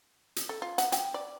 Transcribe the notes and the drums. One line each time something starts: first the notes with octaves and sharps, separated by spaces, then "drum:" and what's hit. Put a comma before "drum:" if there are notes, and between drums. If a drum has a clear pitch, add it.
drum: hi-hat
A4
F4
F#5, drum: hi-hat
G5, drum: hi-hat
D5